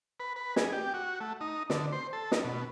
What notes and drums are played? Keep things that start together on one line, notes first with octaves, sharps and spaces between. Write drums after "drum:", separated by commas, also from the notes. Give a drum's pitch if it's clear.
B4
B4
G#4, drum: snare
G4
F#4
A3
D#4
D3, drum: snare
C5
A4
D#4, drum: snare
B2